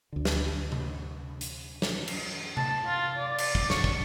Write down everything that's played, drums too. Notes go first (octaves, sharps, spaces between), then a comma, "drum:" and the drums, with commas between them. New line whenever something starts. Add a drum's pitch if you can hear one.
D2 D3
drum: snare
drum: tom C3
drum: hi-hat
drum: snare
drum: cymbal
A5, drum: tom C3
F4
D5
drum: cymbal
D5, drum: kick
C#6, drum: snare
drum: kick